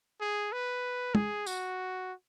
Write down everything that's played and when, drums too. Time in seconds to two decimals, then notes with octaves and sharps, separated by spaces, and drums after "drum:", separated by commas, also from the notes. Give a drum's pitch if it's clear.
0.21 G#4
0.52 B4
1.15 G#4, drum: tom
1.46 F#4, drum: tambourine